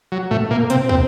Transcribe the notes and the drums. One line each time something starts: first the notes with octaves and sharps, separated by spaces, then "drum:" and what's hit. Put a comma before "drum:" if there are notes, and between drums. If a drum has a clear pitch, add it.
F#3
A2 A3
A#2 A#3
C3 C4, drum: hi-hat
C3 C4, drum: kick